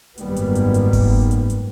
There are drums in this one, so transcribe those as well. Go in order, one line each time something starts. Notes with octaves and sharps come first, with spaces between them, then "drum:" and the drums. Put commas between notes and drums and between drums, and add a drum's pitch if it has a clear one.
G#1 F#2 D#3 G3 A#3 B3, drum: hi-hat
drum: hi-hat
drum: hi-hat
drum: hi-hat
drum: kick F#1, open hi-hat
drum: hi-hat
drum: hi-hat